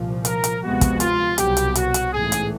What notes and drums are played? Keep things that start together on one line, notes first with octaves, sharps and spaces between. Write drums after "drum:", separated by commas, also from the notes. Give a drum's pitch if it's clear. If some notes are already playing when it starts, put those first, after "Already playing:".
Already playing: C2 A#2 F3
A#4, drum: hi-hat
drum: hi-hat
D2 C3 F3 G#3 B3 F#4
drum: kick, hi-hat
F4, drum: hi-hat
C2 B2 F#3 B3 G4, drum: hi-hat
drum: hi-hat
F#4, drum: hi-hat
drum: hi-hat
A1 G#2 E3 A3 G#4
drum: hi-hat